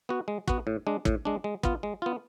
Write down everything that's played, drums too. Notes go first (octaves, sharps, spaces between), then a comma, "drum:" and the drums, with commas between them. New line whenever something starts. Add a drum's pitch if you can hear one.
B3 F#4
G#3
B3 F#4, drum: kick
A2
G#3 D4
A2, drum: kick
G#3 D4
G#3
B3 F4, drum: kick
G#3
B3 F4